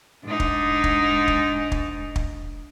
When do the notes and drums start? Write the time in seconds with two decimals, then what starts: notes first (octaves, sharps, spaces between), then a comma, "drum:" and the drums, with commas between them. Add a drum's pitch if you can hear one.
0.25 G#2 D4 D#4
0.40 drum: kick
0.84 drum: kick
1.28 drum: kick
1.72 drum: kick
2.16 drum: kick